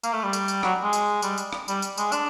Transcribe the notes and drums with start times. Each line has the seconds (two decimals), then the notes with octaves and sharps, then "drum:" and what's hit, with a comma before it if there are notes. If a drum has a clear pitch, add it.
0.04 A#3, drum: tambourine
0.13 A3
0.23 G3
0.33 drum: tambourine
0.48 drum: tambourine
0.63 F#3, drum: rim click
0.83 G#3
0.93 drum: tambourine
1.22 G3, drum: tambourine
1.38 drum: tambourine
1.53 drum: rim click
1.68 G3, drum: tambourine
1.82 drum: tambourine
1.97 G#3, drum: tambourine
2.12 D4, drum: tambourine